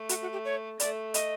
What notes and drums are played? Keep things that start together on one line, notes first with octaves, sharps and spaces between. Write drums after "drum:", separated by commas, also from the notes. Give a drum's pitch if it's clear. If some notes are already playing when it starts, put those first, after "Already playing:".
Already playing: A3
F#4, drum: hi-hat
F#4
G4
C#5
A3 D5, drum: hi-hat
D#5, drum: hi-hat